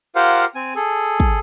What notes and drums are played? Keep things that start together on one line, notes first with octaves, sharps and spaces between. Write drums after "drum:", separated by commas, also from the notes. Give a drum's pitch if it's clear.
F4 G4 A#4 C5 F5 F#5
C4 G#5
G#4 A4
drum: kick